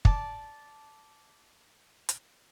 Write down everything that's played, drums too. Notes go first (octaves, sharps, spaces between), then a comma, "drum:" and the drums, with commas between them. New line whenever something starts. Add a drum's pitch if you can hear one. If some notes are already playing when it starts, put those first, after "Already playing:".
D5 A5, drum: kick
drum: hi-hat